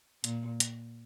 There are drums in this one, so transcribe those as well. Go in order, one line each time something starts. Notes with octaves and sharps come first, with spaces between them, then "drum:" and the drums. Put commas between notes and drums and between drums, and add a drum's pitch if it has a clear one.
A#2, drum: hi-hat
drum: hi-hat